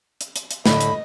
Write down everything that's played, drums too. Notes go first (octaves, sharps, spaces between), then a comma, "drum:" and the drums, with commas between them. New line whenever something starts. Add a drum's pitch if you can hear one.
drum: hi-hat
drum: hi-hat
drum: hi-hat
A2 D3 D#5 E5 B5, drum: snare
drum: hi-hat